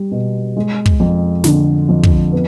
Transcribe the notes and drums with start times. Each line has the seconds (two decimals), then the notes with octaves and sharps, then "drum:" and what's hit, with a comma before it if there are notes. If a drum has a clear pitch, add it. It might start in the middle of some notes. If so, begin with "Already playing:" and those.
Already playing: G3
0.12 B2
0.56 G#3
0.86 drum: kick
1.00 F2
1.44 D3, drum: snare
1.89 F2
2.03 drum: kick
2.33 B3